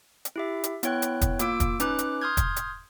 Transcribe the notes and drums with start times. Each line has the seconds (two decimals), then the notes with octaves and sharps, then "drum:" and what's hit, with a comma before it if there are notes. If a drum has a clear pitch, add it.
0.25 drum: hi-hat
0.36 E4 G4 E5
0.64 drum: hi-hat
0.83 B3 E4 C#5 G5 F#6, drum: hi-hat
1.02 drum: hi-hat
1.21 drum: kick, hi-hat
1.39 A#3 F4 D6 E6 D7, drum: hi-hat
1.60 drum: kick, hi-hat
1.80 C#4 D#4 B4 D6 F#6, drum: hi-hat
1.99 drum: hi-hat
2.21 C6 D#6 F6 G6 G#6
2.37 drum: kick, hi-hat
2.56 drum: hi-hat